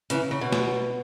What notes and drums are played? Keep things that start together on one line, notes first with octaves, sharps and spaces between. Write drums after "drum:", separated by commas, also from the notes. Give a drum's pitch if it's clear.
C#3 E3, drum: hi-hat
C#3
B2
drum: snare